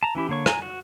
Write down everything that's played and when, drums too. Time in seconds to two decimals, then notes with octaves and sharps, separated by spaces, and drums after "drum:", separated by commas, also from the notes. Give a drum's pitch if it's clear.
0.03 A5 A#5
0.15 E3 C#4 E4 G4
0.29 D3 A#3 C#5 C#6
0.46 G#5 A#5, drum: rim click
0.62 F#4